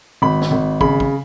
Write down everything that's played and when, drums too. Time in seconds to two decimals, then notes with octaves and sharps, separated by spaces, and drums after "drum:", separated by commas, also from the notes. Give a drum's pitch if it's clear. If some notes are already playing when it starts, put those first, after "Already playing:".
0.22 G#1 B5
0.41 drum: snare
0.51 G#1
0.81 C#3 B5, drum: kick
1.00 drum: kick